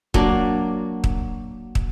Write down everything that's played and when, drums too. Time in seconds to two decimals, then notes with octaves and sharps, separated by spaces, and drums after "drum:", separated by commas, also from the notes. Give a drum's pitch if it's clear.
0.14 F#3 A#3 D4, drum: kick
1.04 drum: kick
1.75 drum: kick